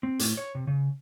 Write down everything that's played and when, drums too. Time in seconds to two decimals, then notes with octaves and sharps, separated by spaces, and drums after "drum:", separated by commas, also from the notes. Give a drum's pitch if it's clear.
0.03 C4
0.19 A2, drum: hi-hat
0.37 C#5
0.55 C3
0.67 C#3